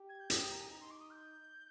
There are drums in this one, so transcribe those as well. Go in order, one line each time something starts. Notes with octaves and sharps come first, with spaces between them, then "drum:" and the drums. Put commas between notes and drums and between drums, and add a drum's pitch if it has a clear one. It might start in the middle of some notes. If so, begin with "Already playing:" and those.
Already playing: G4
G#6
G6
G4, drum: hi-hat
D#6
A#5
G#5
D#4 A#5
C6
D6
D#6
G6